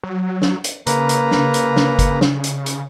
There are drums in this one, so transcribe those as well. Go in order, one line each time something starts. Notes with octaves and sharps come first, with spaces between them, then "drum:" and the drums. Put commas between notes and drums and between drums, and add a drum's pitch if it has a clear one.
F#3
drum: snare
drum: hi-hat
C#3 A#3 B4 A#5, drum: hi-hat
drum: hi-hat
drum: snare
drum: hi-hat
drum: snare
drum: kick, hi-hat
drum: snare
drum: hi-hat
drum: hi-hat